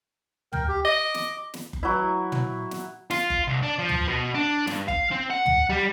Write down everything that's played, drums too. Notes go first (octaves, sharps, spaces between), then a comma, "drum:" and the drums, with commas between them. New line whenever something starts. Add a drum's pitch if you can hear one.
A#4 G5, drum: tom
G4
D#5 D6
drum: snare
drum: snare
drum: kick F#1
F#3 E4
drum: tom
drum: snare
F4, drum: snare
drum: kick F#1
C2
D4
F3
drum: tom
B2
D4
G2, drum: snare
F5, drum: kick F#1
C4
F#5
drum: tom
G3